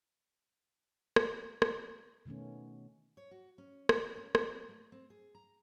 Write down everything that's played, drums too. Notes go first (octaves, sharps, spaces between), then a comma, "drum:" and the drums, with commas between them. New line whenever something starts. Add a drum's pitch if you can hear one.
drum: rim click
drum: rim click
B2 D#3 A3 B3 C#4
C#5
F#4
C#4
drum: rim click
B4
C#4
C4, drum: rim click
A3
C4
G#4
A#5